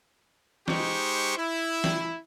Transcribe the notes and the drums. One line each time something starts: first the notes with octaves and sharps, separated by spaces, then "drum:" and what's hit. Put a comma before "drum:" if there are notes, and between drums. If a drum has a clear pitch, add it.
G#3 D#4 G4 C5 C#6, drum: snare
E4
drum: snare